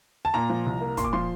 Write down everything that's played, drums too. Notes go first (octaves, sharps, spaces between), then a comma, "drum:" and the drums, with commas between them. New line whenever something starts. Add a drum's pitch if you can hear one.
A5
A#2 A#5
F3
C2
A#3
A#2 C6, drum: kick, hi-hat
D6
F3 C6